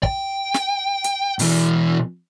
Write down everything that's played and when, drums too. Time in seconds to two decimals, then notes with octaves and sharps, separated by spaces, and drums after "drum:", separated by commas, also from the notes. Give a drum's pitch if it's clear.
0.03 G5, drum: kick
0.54 drum: snare
1.04 drum: hi-hat
1.39 B2 E3, drum: open hi-hat